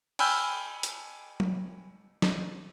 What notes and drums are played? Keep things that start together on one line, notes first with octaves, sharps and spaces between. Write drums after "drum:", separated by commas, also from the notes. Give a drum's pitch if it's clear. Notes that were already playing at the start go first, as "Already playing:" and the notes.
G5 G#5 B5 E6 F6 G6, drum: cymbal
drum: hi-hat
drum: tom F#3
drum: snare